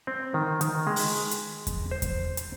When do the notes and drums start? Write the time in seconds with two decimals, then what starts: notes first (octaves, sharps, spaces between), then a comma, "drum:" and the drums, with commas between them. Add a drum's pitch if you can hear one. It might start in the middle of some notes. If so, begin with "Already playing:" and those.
0.07 C4
0.34 D#3
0.61 D#3, drum: hi-hat
0.87 G#3
0.96 drum: open hi-hat
1.31 drum: hi-hat
1.67 drum: kick E2, hi-hat
1.91 C5
2.02 drum: kick E2, hi-hat
2.37 drum: hi-hat